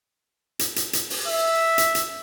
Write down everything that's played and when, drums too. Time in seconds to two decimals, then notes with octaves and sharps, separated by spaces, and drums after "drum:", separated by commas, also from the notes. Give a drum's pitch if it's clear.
0.59 drum: hi-hat
0.76 drum: hi-hat
0.93 drum: hi-hat
1.10 drum: open hi-hat
1.27 E5
1.78 drum: hi-hat
1.95 drum: hi-hat